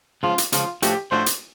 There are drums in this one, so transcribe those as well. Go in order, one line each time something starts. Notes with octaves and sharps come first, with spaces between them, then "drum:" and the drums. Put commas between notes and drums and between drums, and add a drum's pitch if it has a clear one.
C#2 C#3 F3 F4
drum: hi-hat
C#2 C#3 F3 F4, drum: hi-hat
A2 F3 A3 D4 F#4 G4, drum: hi-hat
A2 F3 A3 D4 F#4 C5
drum: hi-hat